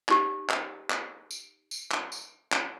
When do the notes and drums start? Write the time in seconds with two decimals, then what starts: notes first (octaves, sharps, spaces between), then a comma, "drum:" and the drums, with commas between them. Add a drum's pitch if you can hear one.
0.09 D#4 G4, drum: clap
0.49 drum: clap
0.90 drum: clap
1.31 drum: tambourine
1.71 drum: tambourine
1.92 drum: clap
2.12 drum: tambourine
2.52 drum: clap